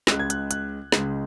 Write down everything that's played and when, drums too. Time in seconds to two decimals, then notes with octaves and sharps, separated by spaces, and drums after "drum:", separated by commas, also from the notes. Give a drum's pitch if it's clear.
0.07 C#2 C#3 G#3 F#6, drum: snare
0.19 G#6
0.30 F#6, drum: hi-hat
0.51 F#6, drum: hi-hat
0.92 C#2 C#3 G#3, drum: snare